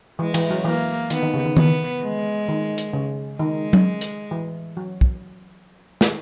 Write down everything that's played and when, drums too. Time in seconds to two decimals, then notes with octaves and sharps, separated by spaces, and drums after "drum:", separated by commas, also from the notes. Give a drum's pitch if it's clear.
0.19 E3 G#3
0.34 E3, drum: cymbal
0.50 F#3
0.65 E3 A#3
1.10 D#3 B3, drum: hi-hat
1.22 D#3
1.34 C#3
1.45 D#3
1.57 E3 B3, drum: tom D#3
2.02 G#3
2.48 D#3
2.78 drum: hi-hat
2.93 C#3
3.39 D#3 G#3
3.73 drum: tom F#3
4.01 drum: hi-hat
4.31 E3
4.77 F#3
5.01 drum: kick
6.01 drum: snare